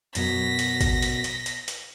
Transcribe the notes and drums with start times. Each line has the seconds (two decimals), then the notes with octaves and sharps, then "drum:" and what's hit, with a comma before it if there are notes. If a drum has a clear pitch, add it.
0.15 F#2 B2 F#3 A#6 B6, drum: hi-hat
0.59 drum: hi-hat
0.81 drum: kick A1, hi-hat
1.02 drum: hi-hat
1.24 drum: hi-hat
1.46 drum: hi-hat
1.68 drum: hi-hat